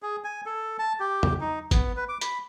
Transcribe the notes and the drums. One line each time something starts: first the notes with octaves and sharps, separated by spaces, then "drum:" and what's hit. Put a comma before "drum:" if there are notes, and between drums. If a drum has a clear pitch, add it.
G#4
G#5
A4
A5
G4
drum: tom
D#4
B3, drum: kick G1, hi-hat
B4
D6
B5, drum: hi-hat